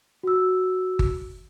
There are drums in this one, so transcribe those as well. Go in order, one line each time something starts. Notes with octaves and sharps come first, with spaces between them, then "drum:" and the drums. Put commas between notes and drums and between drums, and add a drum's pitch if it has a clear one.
F#4 E6
drum: kick G1